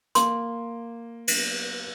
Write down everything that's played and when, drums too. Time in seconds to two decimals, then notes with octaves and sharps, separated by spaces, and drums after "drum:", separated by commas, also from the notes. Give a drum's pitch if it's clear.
0.15 A#3 C6, drum: hi-hat
1.28 drum: cymbal